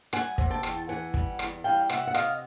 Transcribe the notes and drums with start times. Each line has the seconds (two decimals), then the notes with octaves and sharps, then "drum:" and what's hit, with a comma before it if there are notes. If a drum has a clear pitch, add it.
0.13 G3 F#5 G#5, drum: rim click
0.38 C3, drum: kick
0.50 G5 A5
0.63 E2, drum: rim click
0.89 E3 F#5 G#5
1.14 G3, drum: kick
1.39 E2, drum: rim click
1.64 G3 F5 G5
1.89 C3 E5 F#5, drum: rim click
2.07 F#5
2.14 C3 D#5 F5, drum: rim click